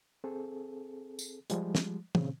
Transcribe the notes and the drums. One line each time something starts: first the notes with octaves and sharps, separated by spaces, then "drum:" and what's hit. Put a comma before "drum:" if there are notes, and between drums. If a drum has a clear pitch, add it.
C4 G#4 A4
drum: tambourine
F3 G3 G#3, drum: hi-hat
drum: snare
A#2 C#3 C4, drum: tom